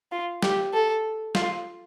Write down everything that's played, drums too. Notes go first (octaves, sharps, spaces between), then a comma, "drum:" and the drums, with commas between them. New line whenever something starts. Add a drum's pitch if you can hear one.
F4
G4, drum: snare
A4
F4, drum: snare